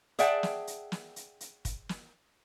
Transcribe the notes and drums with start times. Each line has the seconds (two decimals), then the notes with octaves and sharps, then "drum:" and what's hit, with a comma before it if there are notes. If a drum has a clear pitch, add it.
0.19 G#4 D5 E5 F#5 G5 A5, drum: hi-hat
0.43 drum: snare
0.67 drum: hi-hat
0.92 drum: snare
1.16 drum: hi-hat
1.41 drum: hi-hat
1.65 drum: kick, hi-hat
1.89 drum: snare